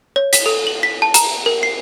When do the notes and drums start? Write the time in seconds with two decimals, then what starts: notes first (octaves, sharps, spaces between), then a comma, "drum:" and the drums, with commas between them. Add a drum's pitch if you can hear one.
0.16 C#5
0.33 B6, drum: hi-hat
0.46 A4
0.67 F#7
0.83 B6
1.02 A5
1.14 A#5, drum: hi-hat
1.46 A#4
1.63 C7